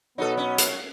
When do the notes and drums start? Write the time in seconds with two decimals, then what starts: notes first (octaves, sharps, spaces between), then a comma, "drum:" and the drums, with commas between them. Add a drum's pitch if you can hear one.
0.18 B2 F#3 B3 D#4 A4
0.37 C#4
0.58 drum: hi-hat